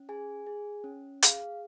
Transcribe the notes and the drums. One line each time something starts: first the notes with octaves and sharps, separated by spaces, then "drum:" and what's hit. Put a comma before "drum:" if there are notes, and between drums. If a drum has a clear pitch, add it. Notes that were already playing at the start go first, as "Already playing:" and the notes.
Already playing: C#4
G#4 G#5
G#4
C#4
G#4 F5, drum: hi-hat